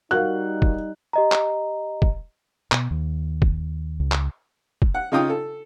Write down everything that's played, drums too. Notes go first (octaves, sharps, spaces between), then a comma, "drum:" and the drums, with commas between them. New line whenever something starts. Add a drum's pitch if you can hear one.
G3 D#4 F#4 A#4 F5 F#6
drum: kick
G4 D#5 A#5
drum: clap
drum: kick
B2, drum: clap
D#2
drum: kick
C#2
drum: clap
drum: kick
F#5
C#3 D#4 F4 G5 D#6
A4